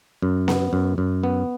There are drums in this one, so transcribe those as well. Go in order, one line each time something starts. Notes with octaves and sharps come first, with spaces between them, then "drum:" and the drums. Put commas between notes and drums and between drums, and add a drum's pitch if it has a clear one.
F#2
B3, drum: snare B3
F#2
F#2
B3